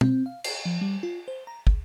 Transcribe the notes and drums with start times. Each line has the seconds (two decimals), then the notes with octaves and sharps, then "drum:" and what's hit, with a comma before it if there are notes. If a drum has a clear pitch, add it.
0.01 C4, drum: tom
0.26 F5
0.44 C7, drum: cymbal
0.65 F3
0.81 G3
1.03 F4
1.28 C5
1.47 A#5
1.67 C#2, drum: kick